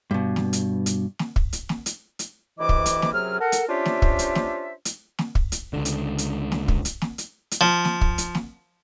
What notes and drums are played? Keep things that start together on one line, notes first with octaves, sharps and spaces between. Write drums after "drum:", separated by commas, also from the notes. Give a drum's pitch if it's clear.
G2 B2
drum: snare
drum: hi-hat
drum: hi-hat
drum: snare
drum: kick
drum: hi-hat
drum: snare
drum: hi-hat
drum: hi-hat
D2 C3 E3 E4 D#5 D6
drum: kick
drum: hi-hat
drum: snare
F#2 C3 F#3 G#4 F6
A4 A#4 F#5
drum: hi-hat
C#4 D4 F4 G4 C5 E5
drum: snare
drum: kick
drum: hi-hat
drum: snare
drum: hi-hat
drum: snare
drum: kick
drum: hi-hat
C#2 D3
drum: hi-hat
drum: hi-hat
drum: snare
drum: kick
drum: hi-hat
drum: snare
drum: hi-hat
drum: hi-hat
F3
drum: snare
drum: kick
drum: hi-hat
drum: snare